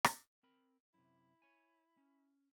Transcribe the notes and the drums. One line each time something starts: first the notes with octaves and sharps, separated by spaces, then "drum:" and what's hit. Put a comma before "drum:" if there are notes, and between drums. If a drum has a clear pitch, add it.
drum: rim click
C4 A#4 B5
F#2 C3 E4
C#5 G#5
C#4